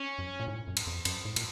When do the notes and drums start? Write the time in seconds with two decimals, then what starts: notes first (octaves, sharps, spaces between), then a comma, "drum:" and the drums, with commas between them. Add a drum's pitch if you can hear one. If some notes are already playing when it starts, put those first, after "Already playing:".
Already playing: C#4
0.19 F#2
0.39 A#2
0.48 A2
0.68 F#2
0.77 drum: cymbal
0.87 F2
1.05 F#2, drum: cymbal
1.25 A2
1.36 A#2, drum: cymbal